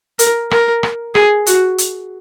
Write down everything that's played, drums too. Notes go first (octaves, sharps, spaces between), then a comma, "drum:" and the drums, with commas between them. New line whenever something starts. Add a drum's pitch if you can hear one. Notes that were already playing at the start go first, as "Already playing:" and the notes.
A#4, drum: hi-hat
A#4, drum: rim click
drum: rim click
G#4, drum: rim click
F#4, drum: hi-hat
drum: hi-hat